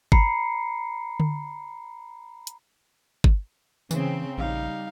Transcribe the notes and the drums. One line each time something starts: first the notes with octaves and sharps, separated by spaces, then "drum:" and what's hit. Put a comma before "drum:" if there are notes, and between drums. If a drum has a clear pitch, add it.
A#5 B5 C7 C#7, drum: kick G1
drum: tom D3
drum: hi-hat
drum: kick G1
C#3 E3 C4, drum: tambourine
A#1 G3 D#4 F5